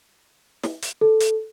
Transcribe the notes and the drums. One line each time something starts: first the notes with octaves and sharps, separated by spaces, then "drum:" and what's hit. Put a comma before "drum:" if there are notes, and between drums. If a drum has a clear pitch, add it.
drum: snare
drum: hi-hat
A4
drum: hi-hat